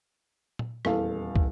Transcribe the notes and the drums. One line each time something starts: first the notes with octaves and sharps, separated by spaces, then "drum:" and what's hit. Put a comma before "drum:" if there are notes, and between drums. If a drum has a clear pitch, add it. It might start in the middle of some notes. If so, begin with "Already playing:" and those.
drum: tom A#2
D#1 E2 A4 F5, drum: rim click
drum: kick